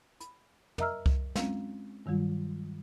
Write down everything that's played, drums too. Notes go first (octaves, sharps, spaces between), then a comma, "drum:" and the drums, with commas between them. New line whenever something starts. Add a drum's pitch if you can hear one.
B5, drum: hi-hat
A#4 D#5 E5 A#5 E6 F6, drum: tom
drum: kick C2
G#3 C4 C#4 F4 F5, drum: snare
G2 D#3 F#3 G3 F4